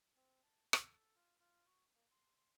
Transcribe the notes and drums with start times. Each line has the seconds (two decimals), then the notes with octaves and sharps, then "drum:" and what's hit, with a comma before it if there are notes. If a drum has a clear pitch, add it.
0.16 C4
0.43 A5
0.73 A4, drum: rim click
1.15 F4
1.39 F4
1.66 F#4
1.95 A#3
2.11 C6
2.37 C6